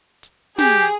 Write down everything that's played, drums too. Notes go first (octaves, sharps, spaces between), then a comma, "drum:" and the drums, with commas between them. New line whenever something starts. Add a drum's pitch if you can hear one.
drum: hi-hat
G4 G#4, drum: snare